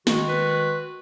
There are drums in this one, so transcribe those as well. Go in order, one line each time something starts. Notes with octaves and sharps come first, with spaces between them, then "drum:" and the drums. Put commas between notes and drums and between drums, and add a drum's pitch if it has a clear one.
D#3 G#3 F#4, drum: snare
B4